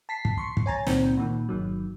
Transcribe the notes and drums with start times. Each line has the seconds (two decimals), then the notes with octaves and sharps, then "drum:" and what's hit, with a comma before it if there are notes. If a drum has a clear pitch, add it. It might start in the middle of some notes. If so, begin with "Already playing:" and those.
0.09 A5 B6 C7
0.25 drum: kick
0.38 C6 C#6 C7
0.57 drum: kick
0.66 C#5 G#5 A#5 A6
0.87 C#2 A#2 D#3 C4 G6, drum: snare
1.18 A#2 D#3
1.49 G1 D#3 F#3